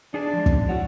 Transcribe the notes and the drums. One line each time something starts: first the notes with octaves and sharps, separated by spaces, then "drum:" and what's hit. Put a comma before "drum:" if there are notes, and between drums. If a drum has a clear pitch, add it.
D4 D#4 G#4
F3 G#3
drum: kick
G2 E4 F#4 C#5